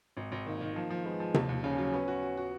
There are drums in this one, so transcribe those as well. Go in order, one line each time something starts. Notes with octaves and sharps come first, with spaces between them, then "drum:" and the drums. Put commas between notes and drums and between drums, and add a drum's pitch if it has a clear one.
G#1
G#1
D#3 A#3
D#3
F3 A#3
F3
G#3 B3
F3
D#2, drum: tom C3
D#2
C#3 C#4
F#3
B3
F#4
F#4
F#4